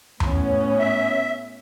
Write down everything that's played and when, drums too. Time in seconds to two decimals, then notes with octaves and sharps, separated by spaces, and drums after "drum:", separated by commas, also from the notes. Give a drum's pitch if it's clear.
0.20 A2 B3 C#4, drum: tom E2
0.79 E5